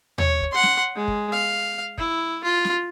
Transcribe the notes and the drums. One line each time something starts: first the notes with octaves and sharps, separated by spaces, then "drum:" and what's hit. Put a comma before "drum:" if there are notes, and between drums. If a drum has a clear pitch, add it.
C#5, drum: tom D#2
drum: kick
F#5 C6
drum: snare
G#3
drum: kick
F5
E4, drum: kick
F4
drum: snare